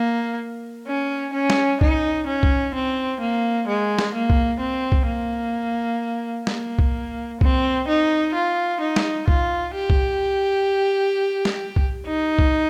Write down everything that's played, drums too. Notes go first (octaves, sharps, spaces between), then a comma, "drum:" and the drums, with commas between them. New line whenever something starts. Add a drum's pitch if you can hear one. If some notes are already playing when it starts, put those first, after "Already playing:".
Already playing: A#3
C#4
C#4
drum: snare
D#4, drum: kick C2
C#4
drum: kick C2
C4
A#3
G#3
drum: snare
A#3
drum: kick C2
C4
drum: kick C2
A#3
A#3, drum: snare
drum: kick C2
C4, drum: kick C2
D#4
F4
D#4
drum: snare
F4, drum: kick C2
G4
drum: kick C2
drum: snare
drum: kick C2
D#4
drum: kick C2